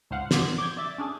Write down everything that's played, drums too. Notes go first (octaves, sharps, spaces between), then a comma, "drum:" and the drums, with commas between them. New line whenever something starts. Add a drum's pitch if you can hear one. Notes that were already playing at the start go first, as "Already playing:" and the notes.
C#2 G#2 C5 F5 F#5
C5 D5 G#6, drum: snare
D6 G6 G#6
D5 E5 A6
C#4 D4 G#4